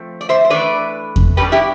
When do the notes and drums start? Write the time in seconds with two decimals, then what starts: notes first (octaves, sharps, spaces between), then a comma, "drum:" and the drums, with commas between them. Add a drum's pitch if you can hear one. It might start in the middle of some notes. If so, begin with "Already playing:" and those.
Already playing: F3 A3 C4
0.21 D5
0.29 C5 E5
0.45 C5
0.50 E3 A3 D4 B4 D5
1.16 drum: kick E2
1.37 B2 G3 D4 G4 B4
1.52 E4 G4